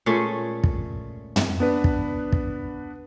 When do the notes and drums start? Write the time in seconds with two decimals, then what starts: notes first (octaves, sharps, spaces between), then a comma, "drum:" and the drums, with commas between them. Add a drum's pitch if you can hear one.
0.06 A#2 G#3 A3 C#4
0.64 drum: kick
1.36 drum: tom
1.60 B3 D4 B4
1.84 drum: kick
2.32 drum: kick